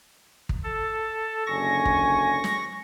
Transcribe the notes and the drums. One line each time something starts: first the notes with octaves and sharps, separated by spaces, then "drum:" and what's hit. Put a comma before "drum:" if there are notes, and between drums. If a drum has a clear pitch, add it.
drum: kick
A4
F#1 D3 G#5 C#6 A#6
drum: kick
drum: snare